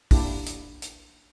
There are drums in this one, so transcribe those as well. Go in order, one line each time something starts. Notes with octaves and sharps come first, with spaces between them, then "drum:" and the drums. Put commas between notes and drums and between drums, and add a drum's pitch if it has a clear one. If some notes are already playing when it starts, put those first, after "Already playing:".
A#3 D4 E4 G4, drum: kick, open hi-hat
drum: hi-hat
drum: hi-hat